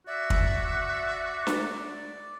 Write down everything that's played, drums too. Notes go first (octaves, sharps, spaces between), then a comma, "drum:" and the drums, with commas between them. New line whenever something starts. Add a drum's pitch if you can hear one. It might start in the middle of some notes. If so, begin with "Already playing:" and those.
F#4 D5 E5
drum: kick
drum: snare